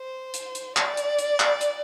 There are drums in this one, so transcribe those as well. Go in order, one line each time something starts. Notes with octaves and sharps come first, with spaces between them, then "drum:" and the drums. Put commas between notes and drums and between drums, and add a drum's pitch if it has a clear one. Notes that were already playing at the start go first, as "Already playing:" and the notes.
Already playing: C5
drum: hi-hat
drum: hi-hat
D5, drum: clap
drum: hi-hat
drum: hi-hat
drum: clap
drum: hi-hat